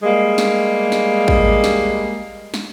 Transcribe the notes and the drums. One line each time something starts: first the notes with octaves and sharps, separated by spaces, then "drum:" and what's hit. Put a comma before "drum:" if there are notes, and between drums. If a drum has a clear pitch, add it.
G3 G#3 A#3
drum: snare
drum: snare
drum: kick A1
drum: snare
drum: snare